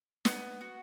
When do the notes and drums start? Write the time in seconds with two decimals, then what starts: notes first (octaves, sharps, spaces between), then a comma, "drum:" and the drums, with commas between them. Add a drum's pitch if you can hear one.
0.25 B3, drum: snare
0.61 F#4